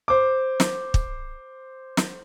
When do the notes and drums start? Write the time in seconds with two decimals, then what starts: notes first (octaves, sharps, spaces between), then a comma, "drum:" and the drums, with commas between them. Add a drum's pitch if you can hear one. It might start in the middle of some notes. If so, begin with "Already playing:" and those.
0.08 C5 D6
0.60 drum: snare
0.94 drum: kick
1.97 drum: snare